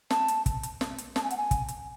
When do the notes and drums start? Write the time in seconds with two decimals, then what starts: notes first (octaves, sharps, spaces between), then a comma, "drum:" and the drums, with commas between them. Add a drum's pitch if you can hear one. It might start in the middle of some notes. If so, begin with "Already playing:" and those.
0.10 A5, drum: snare
0.28 drum: hi-hat
0.46 drum: kick, hi-hat
0.63 drum: hi-hat
0.81 drum: snare
0.98 drum: hi-hat
1.16 A5, drum: snare
1.23 G#5
1.31 F#5, drum: hi-hat
1.37 G#5
1.51 drum: kick, hi-hat
1.68 drum: hi-hat